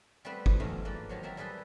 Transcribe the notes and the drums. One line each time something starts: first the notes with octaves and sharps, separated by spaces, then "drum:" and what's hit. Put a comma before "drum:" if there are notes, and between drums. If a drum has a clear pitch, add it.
G3 A3 B3 C4 B4 C5
drum: kick G1
E2 G#2 F#3 A3 F5 G#5
F3 A#3 B4 D5 B5
D#3 F3 F#3 C#5
F#3 C4 A4 A#4 E5
G3 G#4 A4 B4 G5